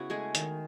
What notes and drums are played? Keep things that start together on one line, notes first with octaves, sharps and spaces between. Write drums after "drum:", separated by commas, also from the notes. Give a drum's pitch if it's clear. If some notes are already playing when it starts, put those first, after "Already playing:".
Already playing: C#3 B3 E4 F#4
G#3 A3 G#4
D#3, drum: hi-hat